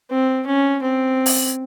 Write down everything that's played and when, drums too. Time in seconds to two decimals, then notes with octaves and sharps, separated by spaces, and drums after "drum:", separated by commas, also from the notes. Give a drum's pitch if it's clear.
0.10 C4
0.47 C#4
0.82 C4
1.26 drum: open hi-hat